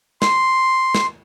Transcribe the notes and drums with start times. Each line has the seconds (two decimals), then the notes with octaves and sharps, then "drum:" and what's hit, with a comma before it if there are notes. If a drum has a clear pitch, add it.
0.22 C6, drum: snare
0.94 drum: snare